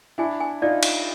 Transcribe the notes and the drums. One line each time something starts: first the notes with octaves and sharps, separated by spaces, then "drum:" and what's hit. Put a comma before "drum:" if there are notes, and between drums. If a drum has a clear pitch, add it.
D4 E4 G#5
G#5
D#4 F4 D5
drum: cymbal